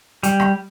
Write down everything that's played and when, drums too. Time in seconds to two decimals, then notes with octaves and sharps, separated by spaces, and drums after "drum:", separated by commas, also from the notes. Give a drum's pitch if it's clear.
0.23 G3, drum: hi-hat
0.40 drum: rim click